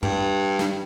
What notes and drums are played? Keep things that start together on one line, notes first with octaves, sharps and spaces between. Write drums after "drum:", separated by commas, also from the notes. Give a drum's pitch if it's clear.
G2, drum: tom
drum: snare